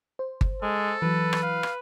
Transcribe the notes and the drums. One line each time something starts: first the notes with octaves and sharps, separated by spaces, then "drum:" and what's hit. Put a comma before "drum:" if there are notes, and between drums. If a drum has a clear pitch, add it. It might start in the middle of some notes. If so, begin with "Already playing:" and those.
C5
drum: kick G1
G#3 A4
E3 F#3 B4
drum: rim click
F5
drum: rim click